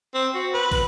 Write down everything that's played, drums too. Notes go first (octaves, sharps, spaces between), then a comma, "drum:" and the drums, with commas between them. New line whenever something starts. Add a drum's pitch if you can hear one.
C4
F#4
B4
drum: kick, open hi-hat